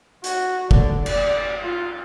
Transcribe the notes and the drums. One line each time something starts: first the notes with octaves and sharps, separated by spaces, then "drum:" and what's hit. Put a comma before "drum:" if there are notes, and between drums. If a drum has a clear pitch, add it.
F#4, drum: hi-hat
D3, drum: kick
D5, drum: cymbal
F4